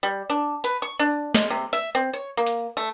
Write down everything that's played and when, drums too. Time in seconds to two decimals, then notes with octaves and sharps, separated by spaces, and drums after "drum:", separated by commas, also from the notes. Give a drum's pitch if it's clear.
0.03 G3
0.30 D4
0.64 B4, drum: hi-hat
0.82 C#6
0.99 D4, drum: hi-hat
1.35 G#3, drum: snare
1.50 C3
1.73 E5, drum: hi-hat
1.95 C4
2.13 C#5
2.37 A#3
2.46 drum: hi-hat
2.77 A3